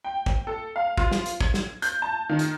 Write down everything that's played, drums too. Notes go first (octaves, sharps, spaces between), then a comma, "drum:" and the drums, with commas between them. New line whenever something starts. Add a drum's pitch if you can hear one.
G5
drum: kick
A4
F5
F4, drum: kick
drum: snare
drum: hi-hat
G#6, drum: kick
drum: snare
G6, drum: hi-hat
A5
D#3
drum: hi-hat